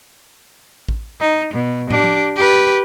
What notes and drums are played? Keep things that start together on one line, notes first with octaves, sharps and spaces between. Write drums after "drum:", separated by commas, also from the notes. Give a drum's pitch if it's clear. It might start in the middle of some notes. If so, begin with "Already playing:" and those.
drum: kick A1
D#4
B2
D4 G4, drum: tom
drum: tom
G4 B4